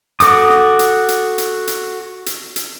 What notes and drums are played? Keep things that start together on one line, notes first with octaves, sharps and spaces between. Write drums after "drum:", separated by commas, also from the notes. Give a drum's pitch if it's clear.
F#4 A4 D6 D#6, drum: hi-hat
drum: snare
drum: hi-hat
drum: hi-hat
drum: hi-hat
drum: hi-hat
drum: hi-hat
drum: hi-hat